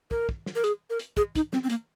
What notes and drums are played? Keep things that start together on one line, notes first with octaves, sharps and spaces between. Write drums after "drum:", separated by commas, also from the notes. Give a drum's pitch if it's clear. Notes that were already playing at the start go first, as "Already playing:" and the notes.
A#4, drum: kick
drum: kick
drum: snare
A#4
G#4, drum: hi-hat
A#4
drum: hi-hat
G#4, drum: kick
D#4, drum: kick, hi-hat
C4, drum: snare
C4
A#3, drum: hi-hat